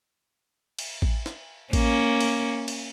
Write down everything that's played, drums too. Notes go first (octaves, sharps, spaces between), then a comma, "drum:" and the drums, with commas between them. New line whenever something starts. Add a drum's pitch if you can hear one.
drum: cymbal
drum: kick A1
drum: snare
A#3 C#4, drum: kick A1, cymbal
drum: cymbal
drum: cymbal